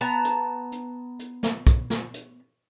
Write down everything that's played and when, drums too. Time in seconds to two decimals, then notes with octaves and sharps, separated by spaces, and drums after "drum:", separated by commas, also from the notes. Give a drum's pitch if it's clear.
0.01 B3 A5 A#5
0.25 drum: hi-hat
0.72 drum: hi-hat
1.19 drum: hi-hat
1.43 drum: snare
1.67 drum: kick, hi-hat
1.90 drum: snare
2.14 drum: hi-hat